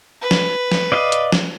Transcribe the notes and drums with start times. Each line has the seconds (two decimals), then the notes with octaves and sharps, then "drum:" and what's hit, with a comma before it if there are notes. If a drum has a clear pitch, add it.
0.22 B4
0.31 drum: snare
0.72 drum: snare
0.92 D5 D#5 F5
1.12 drum: hi-hat
1.32 drum: snare